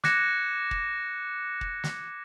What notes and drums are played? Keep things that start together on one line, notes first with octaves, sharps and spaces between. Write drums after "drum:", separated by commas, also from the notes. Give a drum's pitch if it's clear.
D6 F#6 G#6 A#6 C#7 E7, drum: snare
drum: kick
drum: kick
drum: snare